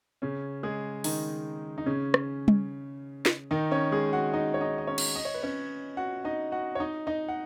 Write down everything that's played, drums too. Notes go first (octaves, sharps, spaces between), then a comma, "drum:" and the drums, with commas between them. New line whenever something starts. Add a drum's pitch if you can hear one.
C#3 C#4
G#3 G#4
D#3 D#4, drum: open hi-hat
D#4
C#3 C#4
drum: rim click
drum: tom G3
drum: snare
D#3 D#4
C#4 C#5
G#3 G#4
F#4 F#5
D#4 D#5
C#5
D#4 D#5
D#5
C#4 C#5
drum: cymbal
D#5
C#5
B4
C#4 C#5
F#4 F#5
D#4 D#5
F#4 F#5
C#5
D#4 D#5
D#4 D#5
F#5